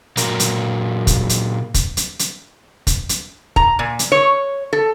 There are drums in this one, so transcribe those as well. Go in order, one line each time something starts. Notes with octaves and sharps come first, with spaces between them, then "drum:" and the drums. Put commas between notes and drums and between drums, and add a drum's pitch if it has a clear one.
A#2 F#3 A#4, drum: hi-hat
drum: hi-hat
drum: kick, hi-hat
drum: hi-hat
drum: kick, hi-hat
drum: hi-hat
drum: hi-hat
drum: kick, hi-hat
drum: hi-hat
A#5, drum: kick
A#2
drum: hi-hat
C#5
A4